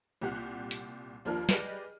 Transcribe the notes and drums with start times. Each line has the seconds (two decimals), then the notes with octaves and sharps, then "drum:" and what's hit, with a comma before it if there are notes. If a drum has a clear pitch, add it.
0.21 C2 A#2 G4 F#5 F#6
0.71 drum: hi-hat
1.25 D#2 F3 A#3 D4 A#4 F6
1.49 G4 G#4 B4 D5 D#5, drum: snare